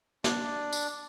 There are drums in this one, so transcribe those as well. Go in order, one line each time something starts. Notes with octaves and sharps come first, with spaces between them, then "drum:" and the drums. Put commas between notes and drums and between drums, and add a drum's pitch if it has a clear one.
D4 D5, drum: snare
drum: tambourine